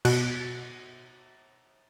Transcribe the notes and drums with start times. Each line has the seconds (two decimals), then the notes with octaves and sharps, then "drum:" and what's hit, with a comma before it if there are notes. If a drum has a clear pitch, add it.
0.05 B2 F#6, drum: cymbal